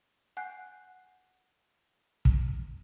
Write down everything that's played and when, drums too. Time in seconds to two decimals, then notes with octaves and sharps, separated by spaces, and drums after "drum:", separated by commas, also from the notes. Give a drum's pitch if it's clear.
0.37 F#5 G#5 F#6 G6 C7
2.25 drum: kick